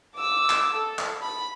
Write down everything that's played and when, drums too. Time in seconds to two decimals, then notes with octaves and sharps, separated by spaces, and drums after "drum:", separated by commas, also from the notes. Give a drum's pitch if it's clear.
0.16 D6 E6
0.50 drum: clap
0.74 A4
0.99 drum: clap
1.22 B5